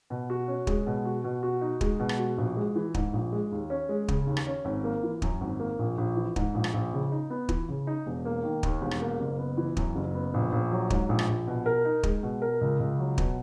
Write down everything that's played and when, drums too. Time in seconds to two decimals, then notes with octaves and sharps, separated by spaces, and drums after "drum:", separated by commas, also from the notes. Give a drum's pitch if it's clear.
0.10 B2
0.30 F#4
0.48 C#4
0.67 G#3, drum: kick
0.87 B2
1.05 F#4
1.24 B2
1.43 F#4
1.61 D#4
1.81 G#3, drum: kick
2.00 B2
2.09 drum: rim click
2.19 F#4
2.38 A#1
2.57 G#3
2.76 E3
2.94 G#2, drum: kick
3.13 A#1
3.32 G#3
3.51 D#2
3.70 C#4
3.89 G#3
4.08 C#3, drum: kick
4.27 D#2
4.37 drum: rim click
4.47 C#4
4.65 G#1
4.84 A#3
5.03 E3
5.22 F#2, drum: kick
5.41 G#1
5.60 A#3
5.79 A#1
5.98 A#1
6.17 E3
6.36 G#2, drum: kick
6.54 A#1
6.64 drum: rim click
6.74 A#1
6.93 C#3
7.12 D#4
7.30 B3
7.49 E3, drum: kick
7.69 C#3
7.87 D#4
8.06 E1
8.25 A#3
8.44 D#3
8.63 D#2, drum: kick
8.81 E1
8.91 drum: rim click
9.01 A#3
9.20 F#1
9.39 B3
9.57 E3
9.77 F#2, drum: kick
9.95 F#1
10.15 B3
10.34 A#1
10.52 A#1
10.71 F#3
10.90 G#2, drum: kick
11.09 A#1
11.19 drum: rim click
11.28 A#1
11.47 B2
11.66 A#4
11.85 D#4
12.03 G#3, drum: kick
12.23 B2
12.42 A#4
12.61 C#2
12.80 C#2
12.99 F#3
13.18 B2, drum: kick